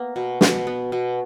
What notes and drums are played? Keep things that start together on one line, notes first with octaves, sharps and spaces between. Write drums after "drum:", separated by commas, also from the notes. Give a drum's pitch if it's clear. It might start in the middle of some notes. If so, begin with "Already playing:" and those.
Already playing: A#3 B3
B2
B2, drum: snare
B3
B2